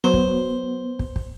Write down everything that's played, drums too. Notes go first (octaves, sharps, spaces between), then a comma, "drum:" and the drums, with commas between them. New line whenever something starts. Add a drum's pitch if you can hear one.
F#3 B3 C5
drum: kick
drum: kick
drum: kick